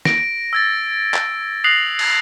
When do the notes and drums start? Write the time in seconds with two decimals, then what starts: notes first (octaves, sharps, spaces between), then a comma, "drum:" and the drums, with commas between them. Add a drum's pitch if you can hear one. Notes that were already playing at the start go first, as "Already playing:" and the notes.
0.05 A#6 D7, drum: snare
0.53 E6 G#6 A6
1.14 drum: clap
1.64 D#6 F#6 A#6 C7 F7 F#7
1.99 drum: cymbal